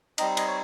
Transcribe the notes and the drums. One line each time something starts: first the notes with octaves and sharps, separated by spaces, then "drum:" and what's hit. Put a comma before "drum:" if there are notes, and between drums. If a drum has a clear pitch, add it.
G3 C4 D#4 D#5, drum: cymbal
D#5, drum: cymbal
C#5